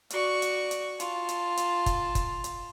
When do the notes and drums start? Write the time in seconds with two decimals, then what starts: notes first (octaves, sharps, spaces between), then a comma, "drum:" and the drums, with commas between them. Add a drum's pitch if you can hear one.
0.10 F#4 D5 C#6, drum: hi-hat
0.42 drum: hi-hat
0.71 drum: hi-hat
1.00 F4 A5, drum: hi-hat
1.29 drum: hi-hat
1.57 drum: hi-hat
1.86 drum: kick, hi-hat
2.15 drum: kick, hi-hat
2.44 drum: hi-hat